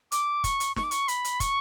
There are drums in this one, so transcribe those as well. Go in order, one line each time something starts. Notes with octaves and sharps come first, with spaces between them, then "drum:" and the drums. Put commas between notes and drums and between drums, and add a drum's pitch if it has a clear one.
D6, drum: hi-hat
C#6, drum: kick, hi-hat
drum: hi-hat
C#6, drum: snare
D6
C#6, drum: hi-hat
B5, drum: hi-hat
drum: hi-hat
C#6, drum: kick, hi-hat